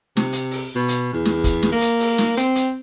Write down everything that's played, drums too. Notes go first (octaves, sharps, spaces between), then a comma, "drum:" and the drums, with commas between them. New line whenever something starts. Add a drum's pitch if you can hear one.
C3, drum: snare
drum: hi-hat
drum: open hi-hat
B2
drum: hi-hat
E2
drum: snare
drum: kick, hi-hat
drum: snare
A#3
drum: hi-hat
drum: open hi-hat
drum: snare
C4, drum: hi-hat
drum: hi-hat